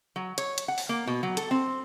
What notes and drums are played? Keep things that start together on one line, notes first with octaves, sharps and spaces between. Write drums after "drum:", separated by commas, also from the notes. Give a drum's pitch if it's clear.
F#3
C#5, drum: hi-hat
drum: hi-hat
F#5
drum: open hi-hat
A#3
B2
F#3
A4, drum: hi-hat
C4